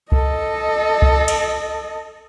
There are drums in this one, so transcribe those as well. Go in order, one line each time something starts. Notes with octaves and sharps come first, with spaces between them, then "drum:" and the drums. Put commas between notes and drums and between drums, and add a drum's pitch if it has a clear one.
A4 D#5, drum: kick C2
drum: kick C2
drum: cymbal